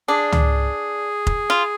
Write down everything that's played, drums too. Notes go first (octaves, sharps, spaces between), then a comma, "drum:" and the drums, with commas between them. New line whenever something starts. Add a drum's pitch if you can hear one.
D4 G#4
drum: tom C#2
drum: kick F1
F4